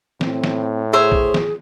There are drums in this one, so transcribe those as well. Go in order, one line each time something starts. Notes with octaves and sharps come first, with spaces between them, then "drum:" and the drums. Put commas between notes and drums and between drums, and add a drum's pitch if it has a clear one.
A2 C4, drum: snare
drum: snare
G#4 C5 C#5 E5
drum: kick
drum: snare